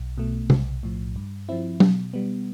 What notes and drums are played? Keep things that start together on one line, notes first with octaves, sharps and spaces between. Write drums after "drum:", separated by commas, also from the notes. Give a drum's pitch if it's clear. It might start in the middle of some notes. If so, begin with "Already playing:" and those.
Already playing: B1
B2 A3
B1, drum: tom
A2 F3
G2
F3 C4 E4
B2, drum: tom F#3
G3 B3